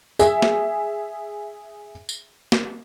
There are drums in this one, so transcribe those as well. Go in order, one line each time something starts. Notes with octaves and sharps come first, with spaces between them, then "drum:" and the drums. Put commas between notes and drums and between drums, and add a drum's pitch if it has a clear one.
G#4 E5, drum: tambourine
drum: snare
drum: tambourine
drum: snare